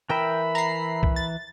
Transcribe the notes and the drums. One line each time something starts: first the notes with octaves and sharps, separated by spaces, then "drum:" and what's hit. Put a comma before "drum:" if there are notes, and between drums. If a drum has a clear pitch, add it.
E3 A#4 E5 G5 B5
A#5 C7, drum: tambourine
drum: kick B1
A6